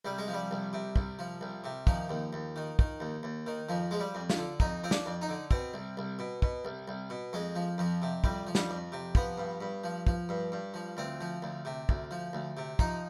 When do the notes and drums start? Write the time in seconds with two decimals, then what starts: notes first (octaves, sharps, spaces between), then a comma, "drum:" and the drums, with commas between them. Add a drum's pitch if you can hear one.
0.05 C2 G3
0.18 G#3
0.28 F3
0.34 G3
0.51 C2
0.73 C3
0.96 C2, drum: kick
1.19 F3
1.41 C2
1.64 C3
1.87 D#3 F3, drum: kick
2.09 D#2
2.33 D#2
2.56 D#3
2.79 D#3, drum: kick
3.00 D#2
3.23 D#2
3.46 D#3
3.69 F2 F3
3.91 F3 G#3
4.00 G3
4.15 F2
4.30 F4, drum: snare
4.38 D3
4.60 F2 D#4, drum: kick
4.84 F3 C4
4.91 D4, drum: snare
5.06 F2
5.22 D#4
5.29 D3
5.51 B2 C4, drum: kick
5.74 C2
5.97 C2
6.19 B2
6.42 B2, drum: kick
6.65 C2
6.88 C2
7.10 B2
7.33 F2 G#3
7.55 F3
7.78 F2 F3
8.02 C3
8.24 F2 G3, drum: kick
8.47 F3
8.55 G3, drum: snare
8.70 F2
8.92 C3
9.15 F3 B3, drum: kick
9.38 G2
9.61 G2
9.84 F3
10.07 F3, drum: kick
10.29 G2
10.52 G2
10.74 F3
10.97 D2 C4
11.21 F3
11.42 D2
11.65 C3
11.89 D2, drum: kick
12.11 F3
12.33 D2
12.57 C3
12.79 F3 D#4, drum: kick